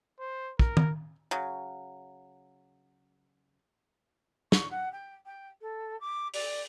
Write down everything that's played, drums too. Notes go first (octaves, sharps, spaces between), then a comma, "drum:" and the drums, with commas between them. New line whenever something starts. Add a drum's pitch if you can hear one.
C5
A#4, drum: kick
drum: tom
C#3 F#3
C#6, drum: snare
F#5
G5
G5
A4
D6
D5, drum: open hi-hat